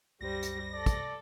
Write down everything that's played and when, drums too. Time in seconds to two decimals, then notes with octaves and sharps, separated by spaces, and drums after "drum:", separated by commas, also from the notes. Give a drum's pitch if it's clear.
0.21 C2 F#2 G3 C5 A#6
0.43 drum: hi-hat
0.72 A4 D5
0.86 drum: kick, hi-hat